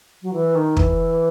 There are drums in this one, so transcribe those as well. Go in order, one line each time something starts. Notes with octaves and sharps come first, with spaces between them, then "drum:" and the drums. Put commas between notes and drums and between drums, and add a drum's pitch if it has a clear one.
F#3
E3
D#3
E3, drum: kick